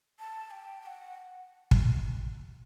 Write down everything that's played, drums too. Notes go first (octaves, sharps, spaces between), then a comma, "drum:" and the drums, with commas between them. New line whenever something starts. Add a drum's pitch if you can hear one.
A5
G5
G5
F#5
drum: kick